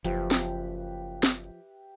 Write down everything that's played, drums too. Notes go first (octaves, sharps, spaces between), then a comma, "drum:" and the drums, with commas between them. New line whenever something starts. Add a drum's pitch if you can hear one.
F#1 F3 G4 B4 E5, drum: hi-hat
drum: snare
drum: snare